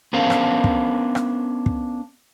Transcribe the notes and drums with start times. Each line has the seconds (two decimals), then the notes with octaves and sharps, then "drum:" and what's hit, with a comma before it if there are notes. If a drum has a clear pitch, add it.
0.13 B3 C#4 D4 A#4 C5 F5
0.30 drum: rim click
0.64 drum: kick
1.15 drum: rim click
1.66 drum: kick